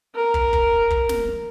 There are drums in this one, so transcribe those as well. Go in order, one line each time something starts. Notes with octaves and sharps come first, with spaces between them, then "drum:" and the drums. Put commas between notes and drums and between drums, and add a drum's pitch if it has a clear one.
A#4
drum: kick
drum: kick
drum: kick
drum: snare